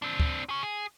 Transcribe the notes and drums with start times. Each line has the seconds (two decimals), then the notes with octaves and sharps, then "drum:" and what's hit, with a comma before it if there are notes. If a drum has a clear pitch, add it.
0.02 C4 D4
0.20 drum: kick D2
0.49 G#4 C#5
0.63 G#4